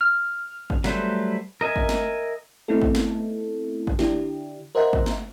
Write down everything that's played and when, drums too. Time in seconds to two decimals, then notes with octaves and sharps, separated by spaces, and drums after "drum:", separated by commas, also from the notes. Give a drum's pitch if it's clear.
0.01 F6
0.70 drum: kick
0.84 F#3 G3 A3 B4 C5, drum: snare
1.61 A#4 D#5 E5 G#5
1.76 drum: kick
1.89 drum: snare
2.68 A3 B3 C4 D#4 E4 A4
2.82 drum: kick
2.95 drum: snare
3.87 drum: kick
3.99 D3 D4 E4 G4, drum: snare
4.75 A#4 C5 D#5 E5 F#5 A#5
4.93 drum: kick
5.06 drum: snare